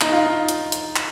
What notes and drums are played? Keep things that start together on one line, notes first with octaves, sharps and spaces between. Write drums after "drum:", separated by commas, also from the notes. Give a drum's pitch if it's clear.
D#4, drum: clap
F4
D#4
drum: hi-hat
drum: hi-hat
drum: clap